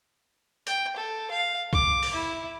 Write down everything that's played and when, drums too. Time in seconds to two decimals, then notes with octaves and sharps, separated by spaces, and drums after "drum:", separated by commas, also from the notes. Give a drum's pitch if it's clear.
0.67 G5, drum: hi-hat
0.96 A4
1.31 F5
1.73 D6, drum: kick
2.03 drum: open hi-hat
2.14 E4